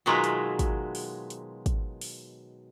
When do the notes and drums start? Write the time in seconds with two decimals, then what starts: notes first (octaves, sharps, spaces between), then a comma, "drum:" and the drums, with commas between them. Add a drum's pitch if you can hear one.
0.06 B2 D#3 F#3 G#3 F4 E5
0.24 drum: hi-hat
0.59 drum: kick, hi-hat
0.95 drum: open hi-hat
1.30 drum: hi-hat
1.66 drum: kick, hi-hat
2.01 drum: open hi-hat